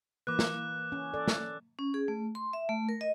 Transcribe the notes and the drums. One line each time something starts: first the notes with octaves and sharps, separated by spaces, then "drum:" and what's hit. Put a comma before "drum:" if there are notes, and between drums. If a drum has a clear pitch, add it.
E3 A#3 B4 D6 F#6
drum: snare
C#4
A4 D5
drum: snare
C#4
G#4
A3
C6
E5
A3
A#4
D#5